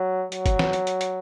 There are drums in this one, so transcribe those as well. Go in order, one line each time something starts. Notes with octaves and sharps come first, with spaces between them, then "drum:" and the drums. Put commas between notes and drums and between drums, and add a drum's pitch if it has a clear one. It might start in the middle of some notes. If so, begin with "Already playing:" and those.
Already playing: F#3
F#3, drum: hi-hat
drum: kick, hi-hat
drum: snare
drum: hi-hat
drum: hi-hat
drum: hi-hat